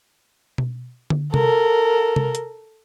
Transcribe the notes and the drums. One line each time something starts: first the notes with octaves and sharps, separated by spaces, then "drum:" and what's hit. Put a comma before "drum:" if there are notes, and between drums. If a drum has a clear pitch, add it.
drum: tom B2
drum: tom D3
A4 A#4, drum: tom C3
drum: tom C3
drum: hi-hat